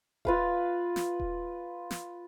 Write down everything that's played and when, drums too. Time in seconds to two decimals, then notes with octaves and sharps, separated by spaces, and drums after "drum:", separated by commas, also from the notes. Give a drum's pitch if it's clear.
0.25 F4 B4 F5, drum: kick D#1
0.96 drum: snare
1.20 drum: kick D#1
1.91 drum: snare